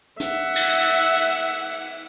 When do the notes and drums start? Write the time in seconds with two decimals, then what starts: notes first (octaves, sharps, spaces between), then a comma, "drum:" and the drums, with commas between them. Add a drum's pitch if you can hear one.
0.20 E5 F#5, drum: hi-hat
0.56 drum: cymbal